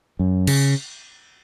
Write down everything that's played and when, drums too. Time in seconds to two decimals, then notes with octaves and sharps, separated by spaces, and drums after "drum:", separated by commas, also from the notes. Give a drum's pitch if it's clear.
0.19 F#2
0.47 C#3, drum: cymbal